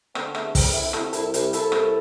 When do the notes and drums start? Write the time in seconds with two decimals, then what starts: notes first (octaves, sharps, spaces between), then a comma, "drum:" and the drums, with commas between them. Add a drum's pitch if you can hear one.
0.15 D3 C4, drum: rim click
0.35 E2 A3, drum: rim click
0.55 D3 C4, drum: kick, open hi-hat
0.74 D3 C4 E4
0.93 C3 E4 A4, drum: rim click
1.13 C2 E4 A4, drum: hi-hat
1.34 C2, drum: hi-hat
1.53 C2 E4 A4, drum: hi-hat
1.72 C2, drum: rim click